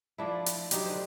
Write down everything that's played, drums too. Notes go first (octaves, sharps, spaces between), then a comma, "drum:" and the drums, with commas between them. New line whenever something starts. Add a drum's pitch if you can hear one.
F3 A3 D4 E4
drum: hi-hat
E4
G2 F#3 D#4 G4, drum: hi-hat
D3 C5